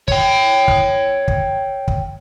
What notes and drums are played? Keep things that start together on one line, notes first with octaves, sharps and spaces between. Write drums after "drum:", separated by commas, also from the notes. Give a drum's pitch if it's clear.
C#5 G5, drum: kick
drum: kick
drum: kick
drum: kick